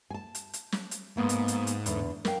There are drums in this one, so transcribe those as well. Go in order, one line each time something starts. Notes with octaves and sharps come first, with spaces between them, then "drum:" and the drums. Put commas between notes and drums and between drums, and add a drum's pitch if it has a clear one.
G#5 A5
drum: hi-hat
drum: hi-hat
drum: snare
drum: hi-hat
G#2 A#3 B3
drum: hi-hat
drum: hi-hat
drum: hi-hat
E2 D3, drum: hi-hat
A#4 F5 G5, drum: snare